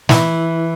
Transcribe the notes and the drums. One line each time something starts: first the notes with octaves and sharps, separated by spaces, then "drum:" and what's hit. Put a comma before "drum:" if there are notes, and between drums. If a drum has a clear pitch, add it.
E3 E4, drum: snare